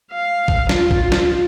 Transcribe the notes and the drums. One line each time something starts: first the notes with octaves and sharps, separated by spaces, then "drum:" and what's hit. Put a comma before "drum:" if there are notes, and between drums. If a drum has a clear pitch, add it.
F5
drum: kick
F4, drum: snare
drum: kick
drum: snare